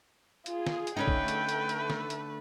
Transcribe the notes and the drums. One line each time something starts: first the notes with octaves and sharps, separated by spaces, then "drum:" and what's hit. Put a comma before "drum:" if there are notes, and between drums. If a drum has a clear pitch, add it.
F4 G#4, drum: hi-hat
drum: snare
drum: hi-hat
D3 A3 C#4 D#4 B4 G5
drum: kick
drum: hi-hat
drum: hi-hat
drum: hi-hat
drum: snare
drum: hi-hat